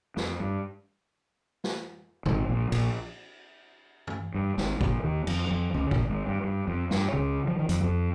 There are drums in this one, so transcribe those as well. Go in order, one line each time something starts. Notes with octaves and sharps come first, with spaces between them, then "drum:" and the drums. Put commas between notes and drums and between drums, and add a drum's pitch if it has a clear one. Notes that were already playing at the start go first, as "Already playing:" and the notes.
F2, drum: snare
G2
drum: snare
G#1 G#2, drum: tom A#2
A#1 A#2
A#1 A#2, drum: cymbal
drum: tom G2
G2
G#1 G#2, drum: snare
A#1 A#2, drum: kick
D#2 D#3
F2 F3, drum: cymbal
F2 F3
C#2 C#3, drum: tom D3
A#1 A#2, drum: kick
G#1 G#2
G2
G2
F2
G2, drum: snare
C#2 C#3
F3
D#3
F2 F3, drum: hi-hat
F2 F3